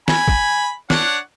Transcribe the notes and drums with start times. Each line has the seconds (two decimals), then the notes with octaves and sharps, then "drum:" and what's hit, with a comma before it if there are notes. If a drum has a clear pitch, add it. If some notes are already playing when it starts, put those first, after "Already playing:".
0.08 G#5 B5, drum: snare
0.28 drum: kick
0.90 D4 C#5 F#5, drum: snare